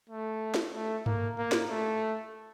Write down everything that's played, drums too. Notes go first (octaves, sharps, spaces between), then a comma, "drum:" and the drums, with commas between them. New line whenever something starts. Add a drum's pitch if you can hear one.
A3
drum: snare
A3
A#3, drum: tom G2
A#3
drum: snare
A3